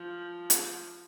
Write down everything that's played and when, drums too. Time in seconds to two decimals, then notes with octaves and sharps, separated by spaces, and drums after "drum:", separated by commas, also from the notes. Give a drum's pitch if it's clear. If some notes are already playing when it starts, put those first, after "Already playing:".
Already playing: F3
0.50 drum: hi-hat